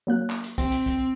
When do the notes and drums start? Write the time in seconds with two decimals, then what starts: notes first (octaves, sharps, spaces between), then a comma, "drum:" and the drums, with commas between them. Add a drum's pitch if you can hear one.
0.07 F#3 A#3 F#6
0.30 drum: clap
0.44 drum: hi-hat
0.58 C4, drum: kick, hi-hat
0.72 drum: hi-hat
0.86 drum: kick, hi-hat